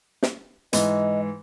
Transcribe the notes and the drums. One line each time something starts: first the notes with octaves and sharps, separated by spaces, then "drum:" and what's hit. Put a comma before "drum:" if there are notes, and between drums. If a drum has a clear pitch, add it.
drum: snare
G#2 E3 D#5, drum: hi-hat